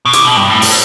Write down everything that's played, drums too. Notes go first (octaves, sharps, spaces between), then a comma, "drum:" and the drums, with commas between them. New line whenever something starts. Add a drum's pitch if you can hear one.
B2
C3, drum: hi-hat
B2
G2
A2
drum: open hi-hat